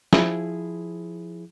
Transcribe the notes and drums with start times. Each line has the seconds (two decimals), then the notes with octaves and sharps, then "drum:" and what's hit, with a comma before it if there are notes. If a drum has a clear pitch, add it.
0.13 F3 E4 G#4, drum: snare